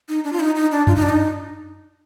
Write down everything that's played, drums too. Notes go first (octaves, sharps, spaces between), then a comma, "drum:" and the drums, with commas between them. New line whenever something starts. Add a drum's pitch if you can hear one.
D#4
D4
F4
D#4
D#4
D4
F4, drum: tom F#2
D#4
D4
D#4